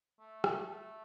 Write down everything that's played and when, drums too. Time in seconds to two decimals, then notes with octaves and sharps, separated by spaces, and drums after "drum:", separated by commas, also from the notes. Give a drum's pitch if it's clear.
0.20 A3
0.44 drum: rim click
0.68 A3